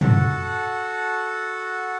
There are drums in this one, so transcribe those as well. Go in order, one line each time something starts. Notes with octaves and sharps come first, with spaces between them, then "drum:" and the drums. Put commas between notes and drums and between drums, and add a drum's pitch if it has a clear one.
F#4 A4 F#5, drum: tom